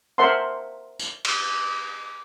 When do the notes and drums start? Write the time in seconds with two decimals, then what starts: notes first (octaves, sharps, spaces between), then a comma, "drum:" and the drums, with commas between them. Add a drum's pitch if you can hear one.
0.18 A#4 C5 E5 F#5 A5 C6
0.99 drum: tambourine
1.25 drum: cymbal